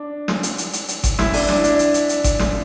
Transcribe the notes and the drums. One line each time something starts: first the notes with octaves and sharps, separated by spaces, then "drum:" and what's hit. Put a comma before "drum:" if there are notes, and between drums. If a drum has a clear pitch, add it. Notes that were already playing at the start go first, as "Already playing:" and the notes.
Already playing: D4
drum: snare
drum: hi-hat
drum: hi-hat
drum: hi-hat
drum: hi-hat
drum: kick G1, hi-hat
E4, drum: snare
D4, drum: open hi-hat
D4, drum: snare
D4, drum: hi-hat
drum: hi-hat
drum: hi-hat
drum: hi-hat
drum: kick G1, hi-hat
drum: snare